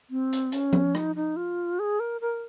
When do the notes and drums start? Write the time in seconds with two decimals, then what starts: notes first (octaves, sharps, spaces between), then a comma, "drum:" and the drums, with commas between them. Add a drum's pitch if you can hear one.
0.10 C4
0.33 drum: hi-hat
0.52 C#4, drum: hi-hat
0.73 drum: tom F3
0.95 D#4, drum: rim click
1.16 D#4
1.36 F4
1.79 G#4
2.00 A#4
2.21 A#4